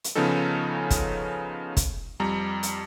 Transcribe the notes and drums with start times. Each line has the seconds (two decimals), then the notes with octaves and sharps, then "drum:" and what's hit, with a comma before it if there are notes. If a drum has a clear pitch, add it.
0.04 drum: hi-hat
0.15 C#3 F3 B3 C#4 D#4 A4
0.90 drum: kick, hi-hat
1.77 drum: kick, hi-hat
2.20 F2 G3 A#5
2.63 drum: hi-hat